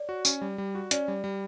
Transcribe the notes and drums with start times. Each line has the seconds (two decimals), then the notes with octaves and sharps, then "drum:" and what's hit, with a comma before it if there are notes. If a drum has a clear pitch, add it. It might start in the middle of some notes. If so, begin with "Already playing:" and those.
Already playing: C#5 D5
0.09 F#4
0.25 C#4, drum: tambourine
0.42 G3
0.58 G3
0.75 F#4
0.91 C#4 D5, drum: hi-hat
1.08 G3
1.24 G3